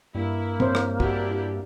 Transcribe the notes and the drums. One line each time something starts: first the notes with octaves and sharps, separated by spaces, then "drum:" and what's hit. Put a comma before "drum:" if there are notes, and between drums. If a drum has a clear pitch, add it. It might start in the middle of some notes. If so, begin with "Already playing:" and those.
G2 A#3 E4
C4 C5 C#5, drum: tom
drum: rim click
D4 E4 F#4 G4, drum: kick